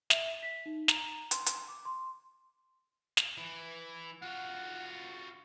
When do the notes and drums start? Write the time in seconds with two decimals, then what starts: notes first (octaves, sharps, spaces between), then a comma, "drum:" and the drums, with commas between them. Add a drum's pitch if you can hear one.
0.10 E5, drum: snare
0.43 B6
0.66 D#4
0.88 A#5, drum: snare
1.31 C6, drum: hi-hat
1.46 drum: hi-hat
1.68 D6
1.85 C6
3.17 drum: snare
3.38 E3
4.22 F4 F#4 F#5